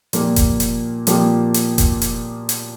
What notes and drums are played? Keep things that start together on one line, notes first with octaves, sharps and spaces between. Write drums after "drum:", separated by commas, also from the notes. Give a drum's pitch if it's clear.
A#2 F3 A#3 G4, drum: hi-hat
drum: kick F1, hi-hat
drum: hi-hat
A#2 F3 A#3 G4, drum: hi-hat
drum: hi-hat
drum: kick F1, hi-hat
drum: hi-hat
drum: hi-hat